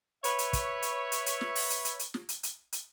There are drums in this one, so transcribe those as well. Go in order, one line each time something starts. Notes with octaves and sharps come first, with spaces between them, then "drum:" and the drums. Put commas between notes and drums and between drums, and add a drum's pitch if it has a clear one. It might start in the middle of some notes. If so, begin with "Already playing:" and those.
B4 C#5 E5, drum: hi-hat
drum: hi-hat
drum: kick, hi-hat
drum: hi-hat
drum: hi-hat
drum: hi-hat
drum: snare
drum: open hi-hat
drum: hi-hat
drum: hi-hat
drum: hi-hat
drum: snare
drum: hi-hat
drum: hi-hat
drum: hi-hat